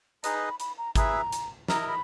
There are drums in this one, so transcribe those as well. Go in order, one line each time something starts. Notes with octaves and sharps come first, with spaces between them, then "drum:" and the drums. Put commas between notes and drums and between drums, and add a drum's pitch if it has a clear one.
D#4 G#4 B4 D#5 A#5, drum: hi-hat
B5
B5
B5, drum: hi-hat
A#5
E4 G#4 B4 E5 A#5, drum: kick G#1, hi-hat
drum: hi-hat
E4 A#4 D#5 A#5, drum: snare
A#5
B5